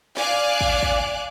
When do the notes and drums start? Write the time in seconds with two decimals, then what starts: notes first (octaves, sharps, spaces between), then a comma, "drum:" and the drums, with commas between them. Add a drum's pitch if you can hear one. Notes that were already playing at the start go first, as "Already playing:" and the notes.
0.17 D5 F5 G#5 D6 F#6, drum: snare
0.61 drum: kick
0.83 drum: kick